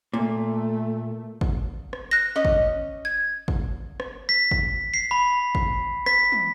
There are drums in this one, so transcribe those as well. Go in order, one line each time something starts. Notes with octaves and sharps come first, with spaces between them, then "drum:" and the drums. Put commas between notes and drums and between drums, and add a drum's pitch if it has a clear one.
A#2 A3
drum: kick
drum: rim click
F#6 A#6
C#4 D#5
drum: kick
G#6
drum: kick
drum: rim click
B6
drum: kick
C7
B5
drum: kick
B6, drum: rim click
drum: tom